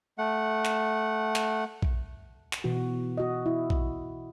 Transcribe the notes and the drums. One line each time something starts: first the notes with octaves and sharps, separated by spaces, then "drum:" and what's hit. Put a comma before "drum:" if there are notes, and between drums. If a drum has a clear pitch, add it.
A3 F#5
drum: clap
drum: clap
drum: kick
drum: clap
B2 E3 F#4
F#4 D#5
E4
drum: kick